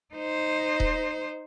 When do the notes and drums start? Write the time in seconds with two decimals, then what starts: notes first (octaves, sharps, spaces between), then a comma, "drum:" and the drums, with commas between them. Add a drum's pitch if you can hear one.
0.15 D#4 C5
0.80 drum: kick D#1